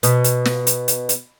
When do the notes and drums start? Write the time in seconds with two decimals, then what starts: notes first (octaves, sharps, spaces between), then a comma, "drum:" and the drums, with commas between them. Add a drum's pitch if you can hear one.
0.03 B2, drum: hi-hat
0.24 drum: hi-hat
0.45 drum: snare
0.67 drum: hi-hat
0.88 drum: hi-hat
1.09 drum: hi-hat